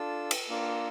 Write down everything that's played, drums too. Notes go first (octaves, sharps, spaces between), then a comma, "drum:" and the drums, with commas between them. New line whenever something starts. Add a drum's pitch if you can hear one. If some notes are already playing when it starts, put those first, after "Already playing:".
Already playing: D4 F4 A4 E6
drum: cymbal
A#3 D4 F4